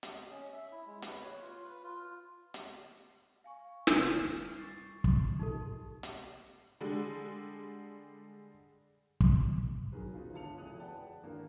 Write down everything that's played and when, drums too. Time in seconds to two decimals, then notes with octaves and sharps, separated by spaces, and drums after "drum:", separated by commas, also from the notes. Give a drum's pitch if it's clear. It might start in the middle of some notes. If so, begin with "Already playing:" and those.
0.03 drum: hi-hat
0.13 D#5
0.31 C#4
0.53 E5
0.72 E4
0.87 G#3
1.02 B4, drum: hi-hat
1.23 C#5
1.41 F4
1.64 B4
1.83 F4
2.54 drum: hi-hat
3.44 F5 G#5 C#6
3.87 C3 D#3 D6 F6 C7, drum: snare
4.21 G3
4.57 C#6 A6 C7
5.04 drum: kick
5.39 D#4 F4 G4 A4
6.03 drum: hi-hat
6.81 D3 G3 G#3
9.20 drum: kick
9.92 D#3 F#3 B3 G#4 A#4 B4
10.14 B3 C#4 D#4 F4
10.33 G1 C#2 F5 A5 C#7 F7
10.58 F1 B1 C#4 E4 D#6 F#6
10.80 G#4 B4 D5 F#5 G5 A5
11.23 G#1 D3 E3 A#3 A#4